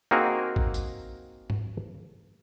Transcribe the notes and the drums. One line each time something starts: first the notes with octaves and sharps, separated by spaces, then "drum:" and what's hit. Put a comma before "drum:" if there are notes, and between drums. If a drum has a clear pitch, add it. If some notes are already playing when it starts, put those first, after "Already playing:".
A#3 C4 D#4 F#4 G#4 A#4
drum: kick G#1
drum: tambourine
drum: tom G#2